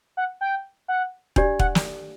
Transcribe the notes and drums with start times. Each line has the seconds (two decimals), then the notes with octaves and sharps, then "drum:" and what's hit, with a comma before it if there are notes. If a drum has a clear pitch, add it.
0.17 F#5
0.41 G5
0.88 F#5
1.36 D4 G4 D5, drum: kick E1
1.59 F#5, drum: kick E1
1.75 drum: snare